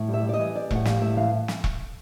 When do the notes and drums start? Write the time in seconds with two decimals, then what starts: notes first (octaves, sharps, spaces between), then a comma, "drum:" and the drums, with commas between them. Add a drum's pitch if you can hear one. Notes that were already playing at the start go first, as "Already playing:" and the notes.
Already playing: A2
0.08 G3 E5
0.23 G3
0.29 D5
0.33 D#5
0.39 E3
0.55 G3 D5
0.71 A2 F#5, drum: kick E1
0.85 G3 F5, drum: snare
1.02 A2 E5
1.17 E3 F5
1.48 drum: snare
1.64 drum: kick E1